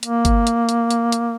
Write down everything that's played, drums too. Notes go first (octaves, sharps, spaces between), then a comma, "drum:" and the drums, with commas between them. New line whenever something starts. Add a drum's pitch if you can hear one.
A#3, drum: hi-hat
drum: kick G1, hi-hat
drum: hi-hat
drum: hi-hat
drum: hi-hat
drum: hi-hat